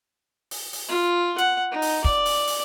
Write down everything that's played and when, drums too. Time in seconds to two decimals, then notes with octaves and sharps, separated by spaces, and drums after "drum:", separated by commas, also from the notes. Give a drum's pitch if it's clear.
0.51 drum: open hi-hat
0.73 drum: open hi-hat
0.89 F4
1.38 F#5, drum: hi-hat
1.72 D#4
1.82 drum: open hi-hat
2.04 D5, drum: kick
2.26 drum: open hi-hat
2.47 drum: open hi-hat